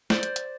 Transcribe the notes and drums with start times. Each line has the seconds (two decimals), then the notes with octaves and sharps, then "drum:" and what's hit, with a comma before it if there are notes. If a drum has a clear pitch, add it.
0.10 C5 D5, drum: snare
0.23 drum: hi-hat
0.36 drum: hi-hat